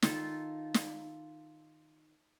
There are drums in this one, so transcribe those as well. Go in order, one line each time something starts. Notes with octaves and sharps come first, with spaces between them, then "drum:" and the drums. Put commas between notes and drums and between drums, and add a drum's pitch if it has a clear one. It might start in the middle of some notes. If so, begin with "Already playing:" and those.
D#3 F4 A4, drum: snare
drum: snare